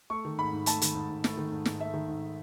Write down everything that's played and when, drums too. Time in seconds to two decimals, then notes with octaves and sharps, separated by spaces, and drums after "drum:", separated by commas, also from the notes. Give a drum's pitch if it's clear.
0.10 A3 C#6
0.25 D#3
0.38 G#2 B5
0.53 G#2
0.66 A3 A5, drum: hi-hat
0.82 D#3, drum: hi-hat
0.95 G#2
1.10 G#2
1.24 A3, drum: snare
1.37 D#3
1.52 G#2
1.65 G#2, drum: snare
1.80 A3 E5
1.94 D#3
2.08 G#2